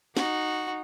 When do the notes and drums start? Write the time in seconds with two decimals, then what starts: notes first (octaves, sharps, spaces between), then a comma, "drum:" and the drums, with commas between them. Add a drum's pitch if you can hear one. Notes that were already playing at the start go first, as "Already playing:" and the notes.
0.17 D#4 F#4, drum: snare